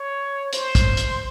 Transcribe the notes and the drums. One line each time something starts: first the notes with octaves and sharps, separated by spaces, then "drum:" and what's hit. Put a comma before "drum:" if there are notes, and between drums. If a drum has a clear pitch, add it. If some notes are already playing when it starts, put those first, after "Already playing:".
Already playing: C#5
C5, drum: hi-hat
drum: kick, hi-hat
drum: hi-hat